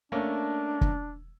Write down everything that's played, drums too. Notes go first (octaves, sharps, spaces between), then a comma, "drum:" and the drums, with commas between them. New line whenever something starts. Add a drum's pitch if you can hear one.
A3 A#3 C#4 D4
drum: kick